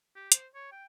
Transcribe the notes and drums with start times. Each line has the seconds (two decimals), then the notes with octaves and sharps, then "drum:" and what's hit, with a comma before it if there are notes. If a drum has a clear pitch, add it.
0.16 G4
0.32 C5, drum: hi-hat
0.55 C#5
0.72 G5